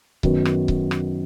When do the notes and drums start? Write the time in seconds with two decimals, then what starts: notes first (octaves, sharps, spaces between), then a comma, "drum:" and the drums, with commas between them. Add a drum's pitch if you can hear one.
0.23 F#2 D#3 F#3 B3, drum: kick C#1
0.45 drum: rim click
0.68 drum: kick C#1
0.91 drum: rim click